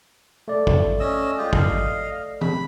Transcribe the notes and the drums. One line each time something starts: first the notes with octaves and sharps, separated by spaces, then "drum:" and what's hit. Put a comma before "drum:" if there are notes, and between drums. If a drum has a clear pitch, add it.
A3 D5
drum: kick
C#4 D#5 E6
G#3 F4 G4
D#5 F5, drum: kick
B5, drum: tom